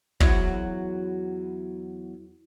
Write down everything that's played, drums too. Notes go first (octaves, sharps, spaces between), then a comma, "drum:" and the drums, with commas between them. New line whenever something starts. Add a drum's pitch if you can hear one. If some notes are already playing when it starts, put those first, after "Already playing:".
E2 F#3, drum: kick